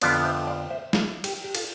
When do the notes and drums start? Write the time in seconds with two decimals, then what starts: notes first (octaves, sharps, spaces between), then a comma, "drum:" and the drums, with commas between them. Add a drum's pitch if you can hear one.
0.02 F2 D3 F3 B3 D5 F5, drum: cymbal
0.24 C5 E5
0.47 D5 F5
0.70 C5 E5
0.93 F4, drum: snare
1.24 G4, drum: cymbal
1.44 G4
1.55 F4 A4, drum: cymbal